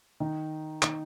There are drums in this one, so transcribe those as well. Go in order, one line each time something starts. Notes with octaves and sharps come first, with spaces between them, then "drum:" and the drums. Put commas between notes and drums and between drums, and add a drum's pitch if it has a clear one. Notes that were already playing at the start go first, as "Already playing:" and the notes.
D#3 D#4
D#3 D#4, drum: clap